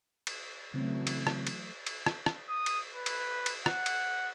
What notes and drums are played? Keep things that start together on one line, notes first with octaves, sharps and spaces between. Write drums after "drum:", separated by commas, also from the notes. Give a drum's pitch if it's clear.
drum: cymbal
C#3 E3 F#3 A3 C4
drum: cymbal
drum: rim click
drum: cymbal
drum: cymbal
drum: rim click
drum: rim click
D#6
drum: cymbal
B4
drum: cymbal
drum: cymbal
F#5, drum: rim click
drum: cymbal